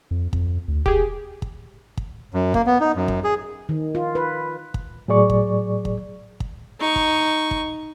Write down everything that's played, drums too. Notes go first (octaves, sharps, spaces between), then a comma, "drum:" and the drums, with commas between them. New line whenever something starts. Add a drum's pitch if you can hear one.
F2
F2, drum: kick
D2
E1 G4 G#4, drum: kick
drum: kick
drum: kick
F#2
A#3, drum: kick
B3
D#4
F#2
drum: kick
G#4
D#3
F4
B4
drum: kick
A2 F#3 G#4 D5 C#6
drum: kick
drum: kick
drum: kick
D#4 C#6
drum: kick
drum: kick